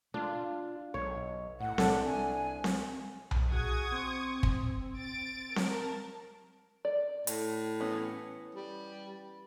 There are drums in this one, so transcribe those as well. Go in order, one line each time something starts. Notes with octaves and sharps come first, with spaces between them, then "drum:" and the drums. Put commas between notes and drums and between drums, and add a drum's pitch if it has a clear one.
D4 F4
B1 C#5
A2 F#5
C2 D4 A4, drum: snare C4
G#5
drum: snare C4
drum: tom B1
F#4 G#4 C#6 D#6 G#6
C4
drum: kick
A6 D7
A#4 A5, drum: snare C4
D5
A2, drum: hi-hat
E3 B3 C#4
G3